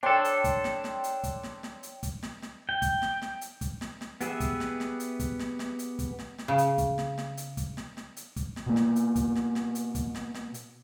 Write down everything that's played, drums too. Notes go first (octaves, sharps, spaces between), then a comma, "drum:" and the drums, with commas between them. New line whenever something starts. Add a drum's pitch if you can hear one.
D4 A4 C#5 G5 C6
drum: hi-hat
drum: kick, hi-hat
drum: snare
drum: snare
drum: hi-hat
drum: kick, hi-hat
drum: snare
drum: snare
drum: hi-hat
drum: kick, hi-hat
drum: snare
drum: snare
G5
drum: kick, hi-hat
drum: snare
drum: snare
drum: hi-hat
drum: kick, hi-hat
drum: snare
drum: snare
B3 G4 G#4 B4 E5, drum: hi-hat
drum: kick, hi-hat
drum: snare
drum: snare
drum: hi-hat
drum: kick, hi-hat
drum: snare
drum: snare
drum: hi-hat
drum: kick, hi-hat
drum: snare
drum: snare
C#3
drum: hi-hat
drum: kick, hi-hat
drum: snare
drum: snare
drum: hi-hat
drum: kick, hi-hat
drum: snare
drum: snare
drum: hi-hat
drum: kick, hi-hat
drum: snare
B2 A#3
drum: snare
drum: hi-hat
drum: kick, hi-hat
drum: snare
drum: snare
drum: hi-hat
drum: kick, hi-hat
drum: snare
drum: snare
drum: hi-hat